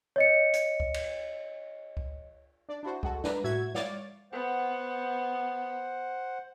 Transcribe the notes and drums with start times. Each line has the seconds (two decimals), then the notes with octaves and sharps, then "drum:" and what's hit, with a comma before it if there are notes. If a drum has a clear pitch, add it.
0.16 C#5 D#5 C#7
0.53 drum: hi-hat
0.80 drum: kick C#2
0.94 drum: cymbal
1.97 drum: kick C#2
2.69 D4 D5
2.83 D4 E4 F#4 C5
3.03 G#3 F#4 A4, drum: kick C#2
3.24 D4 B4 A#5, drum: snare
3.44 A2 F#4 E5 G#6
3.75 C#5 D5 F5 D6 A6, drum: snare
4.33 B3 C5 F#5